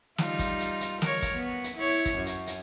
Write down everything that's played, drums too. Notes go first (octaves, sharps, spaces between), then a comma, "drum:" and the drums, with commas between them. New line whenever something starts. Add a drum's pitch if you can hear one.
G3 D#4 F4, drum: snare
drum: kick, hi-hat
drum: hi-hat
drum: hi-hat
A#4 C#5, drum: snare
drum: kick, hi-hat
B3
drum: hi-hat
E4 C#5
drum: kick, hi-hat
F#2
drum: hi-hat
drum: hi-hat